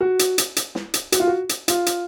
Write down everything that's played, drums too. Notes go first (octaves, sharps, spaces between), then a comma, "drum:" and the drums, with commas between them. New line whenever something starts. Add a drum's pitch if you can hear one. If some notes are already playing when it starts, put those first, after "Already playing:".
F#4
drum: hi-hat
drum: hi-hat
drum: hi-hat
drum: snare
drum: hi-hat
F#4, drum: hi-hat
F4
F#4
drum: hi-hat
F4, drum: hi-hat
drum: hi-hat